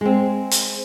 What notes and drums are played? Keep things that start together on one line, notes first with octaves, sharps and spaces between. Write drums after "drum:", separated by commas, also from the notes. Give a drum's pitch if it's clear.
G#3 C4
drum: hi-hat